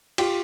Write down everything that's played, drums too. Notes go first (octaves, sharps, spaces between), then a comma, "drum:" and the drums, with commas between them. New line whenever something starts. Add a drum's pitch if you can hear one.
F4 G4, drum: cymbal